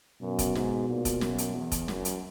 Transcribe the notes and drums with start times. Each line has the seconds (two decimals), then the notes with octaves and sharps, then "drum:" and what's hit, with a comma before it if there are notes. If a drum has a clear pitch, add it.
0.22 F#2 B2
0.39 drum: kick F1, hi-hat
0.55 G#2, drum: snare
0.89 A#2
1.05 drum: kick F1, hi-hat
1.21 F#2, drum: snare
1.38 drum: hi-hat
1.55 E2
1.72 drum: kick F1, hi-hat
1.88 F#2, drum: snare
2.05 drum: hi-hat